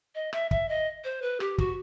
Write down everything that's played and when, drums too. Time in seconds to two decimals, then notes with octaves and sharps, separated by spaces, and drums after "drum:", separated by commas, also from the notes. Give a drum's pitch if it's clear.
0.15 D#5
0.33 E5, drum: rim click
0.51 E5, drum: kick
0.69 D#5
1.04 C5
1.22 B4
1.40 G4, drum: rim click
1.58 F#4, drum: kick